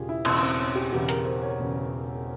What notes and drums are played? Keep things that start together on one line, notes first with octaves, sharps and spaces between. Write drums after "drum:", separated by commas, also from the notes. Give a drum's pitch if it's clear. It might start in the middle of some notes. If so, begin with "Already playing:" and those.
Already playing: E1 E2 C#3 F4 G4 G#4
E4
E1 E2 C#3 C4, drum: cymbal
C4
C#4
G4
E1 E2 C#3 G4
A#4, drum: hi-hat
C5
C#5
E1 E2 C#3